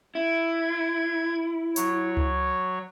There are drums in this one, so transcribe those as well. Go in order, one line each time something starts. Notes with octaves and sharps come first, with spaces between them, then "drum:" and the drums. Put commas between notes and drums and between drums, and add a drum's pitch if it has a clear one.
E4 G#6
F#3 C#5, drum: hi-hat
drum: tom C#2